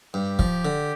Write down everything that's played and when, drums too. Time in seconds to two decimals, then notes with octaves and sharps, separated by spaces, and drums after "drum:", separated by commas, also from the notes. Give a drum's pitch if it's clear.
0.14 G2 G4
0.39 F3, drum: kick
0.65 D3